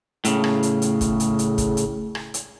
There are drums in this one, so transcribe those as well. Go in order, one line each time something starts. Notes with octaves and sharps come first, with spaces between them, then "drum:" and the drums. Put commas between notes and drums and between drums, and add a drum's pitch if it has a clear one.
A2 C#3, drum: hi-hat
drum: rim click
drum: hi-hat
drum: hi-hat
drum: kick, hi-hat
drum: hi-hat
drum: hi-hat
drum: kick, hi-hat
drum: hi-hat
drum: rim click
drum: hi-hat